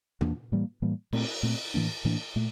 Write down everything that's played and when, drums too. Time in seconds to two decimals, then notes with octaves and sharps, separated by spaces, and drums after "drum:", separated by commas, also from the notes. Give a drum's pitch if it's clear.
0.21 E2 E3 A#3 D4, drum: tom
0.52 A2 E3 G3 A#3
0.82 A2 E3 G3 A#3
1.13 A#2 A3 C4, drum: cymbal
1.43 A#2 A3 C4
1.74 A2 E3 A#3 D4
2.05 A2 E3 A#3 D4
2.36 A#2 A3